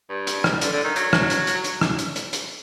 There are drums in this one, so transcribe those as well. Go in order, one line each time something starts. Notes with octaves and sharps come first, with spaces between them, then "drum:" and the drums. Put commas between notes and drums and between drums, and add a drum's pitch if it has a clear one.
G2
drum: hi-hat
drum: rim click
D3, drum: hi-hat
D3
D#3
F#3, drum: hi-hat
drum: rim click
drum: hi-hat
drum: hi-hat
drum: hi-hat
drum: rim click
drum: hi-hat
drum: hi-hat
drum: hi-hat